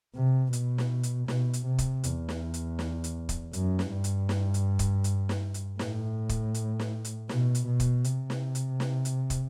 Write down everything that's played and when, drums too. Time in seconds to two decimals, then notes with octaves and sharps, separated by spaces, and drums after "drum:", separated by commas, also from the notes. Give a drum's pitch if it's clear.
0.15 C3
0.53 B2, drum: hi-hat
0.78 drum: snare
1.03 drum: hi-hat
1.28 B2, drum: snare
1.53 drum: hi-hat
1.66 C3
1.78 drum: kick, hi-hat
2.04 E2, drum: hi-hat
2.29 drum: snare
2.54 drum: hi-hat
2.79 drum: snare
3.04 drum: hi-hat
3.29 drum: kick, hi-hat
3.53 F#2, drum: hi-hat
3.79 drum: snare
3.91 G2
4.04 drum: hi-hat
4.29 drum: snare
4.54 drum: hi-hat
4.79 drum: kick, hi-hat
5.04 drum: hi-hat
5.29 drum: snare
5.54 drum: hi-hat
5.79 A2, drum: snare
6.29 drum: kick, hi-hat
6.54 drum: hi-hat
6.79 drum: snare
7.05 drum: hi-hat
7.29 B2, drum: snare
7.55 drum: hi-hat
7.67 B2
7.80 drum: kick, hi-hat
8.04 C3, drum: hi-hat
8.30 drum: snare
8.55 drum: hi-hat
8.80 drum: snare
9.05 drum: hi-hat
9.30 drum: kick, hi-hat